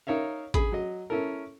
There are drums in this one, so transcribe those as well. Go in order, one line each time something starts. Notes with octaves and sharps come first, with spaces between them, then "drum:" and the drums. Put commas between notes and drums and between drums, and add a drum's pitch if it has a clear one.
D#4 A#4 C#5 E5 F5
G#4 B5, drum: kick A1, hi-hat
F#3 D#5
C#4 E4 A4 A#4